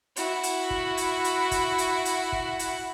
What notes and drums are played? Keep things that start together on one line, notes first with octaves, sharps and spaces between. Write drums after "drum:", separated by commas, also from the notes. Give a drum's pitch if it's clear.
E4 F#4, drum: hi-hat
drum: hi-hat
drum: kick
drum: hi-hat
drum: hi-hat
drum: kick, hi-hat
drum: hi-hat
drum: hi-hat
drum: kick
drum: hi-hat